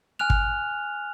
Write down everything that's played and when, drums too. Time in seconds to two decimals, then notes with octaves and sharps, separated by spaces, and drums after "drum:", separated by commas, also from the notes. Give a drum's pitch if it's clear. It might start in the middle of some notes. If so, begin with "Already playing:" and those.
0.19 G#5 F6 F#6 F7
0.30 drum: kick